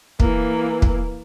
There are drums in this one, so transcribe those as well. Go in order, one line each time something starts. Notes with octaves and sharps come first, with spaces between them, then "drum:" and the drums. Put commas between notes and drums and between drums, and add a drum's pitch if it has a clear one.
E3 A#3, drum: kick
drum: kick